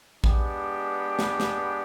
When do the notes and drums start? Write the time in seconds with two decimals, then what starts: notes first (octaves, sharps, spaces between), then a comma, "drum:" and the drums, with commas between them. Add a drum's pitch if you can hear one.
0.24 G#3 B3 D4 G4, drum: kick
1.19 drum: snare
1.40 drum: snare